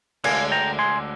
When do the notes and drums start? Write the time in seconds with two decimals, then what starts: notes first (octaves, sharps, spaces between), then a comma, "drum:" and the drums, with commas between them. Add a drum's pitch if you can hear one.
0.24 D2 D3 G#3 F5 G#5, drum: cymbal
0.52 G5 A#5
0.79 G#5 C6